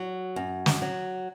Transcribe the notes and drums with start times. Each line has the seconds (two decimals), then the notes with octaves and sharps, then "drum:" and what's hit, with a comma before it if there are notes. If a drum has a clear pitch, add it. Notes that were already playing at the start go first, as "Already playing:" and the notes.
Already playing: F#3
0.36 F#2
0.66 drum: snare
0.82 F#3